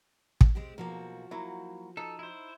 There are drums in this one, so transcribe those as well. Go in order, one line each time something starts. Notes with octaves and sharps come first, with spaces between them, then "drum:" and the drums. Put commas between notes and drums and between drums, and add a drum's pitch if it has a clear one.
drum: kick
G#3 C4 G4
B1 F3 A#3 F#4
F#3 A#3 E4
D#4 A4
E4 C5